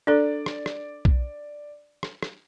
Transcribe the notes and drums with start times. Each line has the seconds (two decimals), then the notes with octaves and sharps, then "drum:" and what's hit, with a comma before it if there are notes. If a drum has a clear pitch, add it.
0.07 D4 A4 D5
0.46 drum: rim click
0.66 drum: rim click
1.05 drum: kick B1
2.03 drum: rim click
2.23 drum: rim click